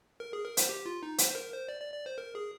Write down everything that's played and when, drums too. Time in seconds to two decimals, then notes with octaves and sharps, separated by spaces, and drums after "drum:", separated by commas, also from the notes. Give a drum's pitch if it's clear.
0.20 A#4
0.33 G#4
0.45 A#4
0.57 C5, drum: hi-hat
0.69 G4
0.86 F4
1.03 D#4
1.18 C5, drum: hi-hat
1.30 C5
1.35 A#4
1.52 C5
1.69 D5
1.81 D5
1.94 D5
2.06 C5
2.18 A#4
2.35 G#4